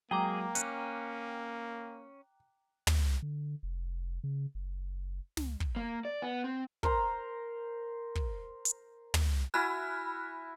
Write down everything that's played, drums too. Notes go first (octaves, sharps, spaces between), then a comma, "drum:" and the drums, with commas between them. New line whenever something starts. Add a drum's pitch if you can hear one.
F#3 G#3 A#3 G#4 G5 A#5 D6
C#4 F#6, drum: hi-hat
drum: tom
D3
F1
C#3
F#1
C#2, drum: snare
drum: kick
A#3
D5
B3
C4
A#4 C5 A#5, drum: kick
drum: kick
drum: hi-hat
drum: tom
E4 F#4 G#5 B5 F6 F#6